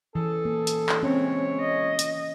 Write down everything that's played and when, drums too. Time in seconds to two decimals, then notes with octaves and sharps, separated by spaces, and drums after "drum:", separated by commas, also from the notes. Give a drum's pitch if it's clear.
0.15 E3 C#4 G#4 A4
0.45 A#3
0.67 drum: hi-hat
0.89 drum: clap
1.03 G#3 C4 C#4 E4 C#5
1.60 D#5
1.99 drum: hi-hat